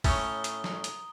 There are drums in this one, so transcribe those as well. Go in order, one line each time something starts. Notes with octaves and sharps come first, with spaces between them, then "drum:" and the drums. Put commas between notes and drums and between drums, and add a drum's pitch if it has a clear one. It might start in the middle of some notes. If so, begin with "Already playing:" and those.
A2 A3 C#4 A#5 D#6 G7, drum: kick, open hi-hat
drum: hi-hat
drum: snare
drum: hi-hat